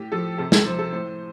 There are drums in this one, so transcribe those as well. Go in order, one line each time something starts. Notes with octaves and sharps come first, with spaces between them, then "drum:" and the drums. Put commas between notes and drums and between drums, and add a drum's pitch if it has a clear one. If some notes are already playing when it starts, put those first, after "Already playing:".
Already playing: A2 G4
F3 A4
C3 A4
A4, drum: snare
F3 C5
A4
A2 C5